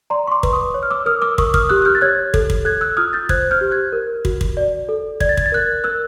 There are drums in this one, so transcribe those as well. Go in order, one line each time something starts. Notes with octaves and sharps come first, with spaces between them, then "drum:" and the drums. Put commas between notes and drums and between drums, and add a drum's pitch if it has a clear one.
D5 A#5 C6
C#6
C6 D6
B4, drum: kick
C#6 D#6
C#5
F6
D6 E6
A#4 D#6 F6
D6 E6
A#4 C#6 D#6, drum: kick
D#6 F6, drum: kick
G4 E6 F#6
F#6
F6 G6
A6
C#5 F#6 G#6
A4, drum: kick
drum: kick
A4 F#6 G#6
E6 F#6
F4 D#6 F6
G6 A6
C5 F#6 G#6, drum: kick
F6 G6
G4
F#6 G#6
A#4
F#4, drum: kick
drum: kick
D5
A4
D5 G#6, drum: kick
A6
G#6, drum: kick
A6
A#4 F#6 G#6
A#4 E6 F#6